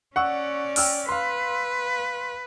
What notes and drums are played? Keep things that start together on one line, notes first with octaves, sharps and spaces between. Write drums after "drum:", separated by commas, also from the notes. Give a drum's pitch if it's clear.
C#4 D5 F#5 C#6 E6
G5 E6 F6, drum: open hi-hat
B4 F5 C6